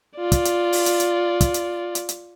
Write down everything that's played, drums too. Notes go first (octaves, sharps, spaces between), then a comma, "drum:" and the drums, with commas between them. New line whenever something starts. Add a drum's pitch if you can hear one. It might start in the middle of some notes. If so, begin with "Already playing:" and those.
F4 D5
drum: kick, hi-hat
drum: hi-hat
drum: open hi-hat
drum: hi-hat
drum: hi-hat
drum: kick, hi-hat
drum: hi-hat
drum: hi-hat
drum: hi-hat